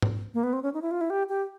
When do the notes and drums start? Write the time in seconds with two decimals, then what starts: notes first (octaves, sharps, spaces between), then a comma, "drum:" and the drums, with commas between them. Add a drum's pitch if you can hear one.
0.02 drum: tom G#2
0.34 A#3
0.43 B3
0.53 C4
0.63 C#4
0.74 D#4
0.82 E4
0.91 F4
1.01 E4
1.10 G4
1.29 G4